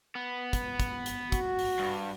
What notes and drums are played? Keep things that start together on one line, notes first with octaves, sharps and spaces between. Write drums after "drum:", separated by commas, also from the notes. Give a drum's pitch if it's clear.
B3
drum: kick, hi-hat
drum: kick, hi-hat
drum: hi-hat
F#4, drum: kick, hi-hat
drum: open hi-hat
G2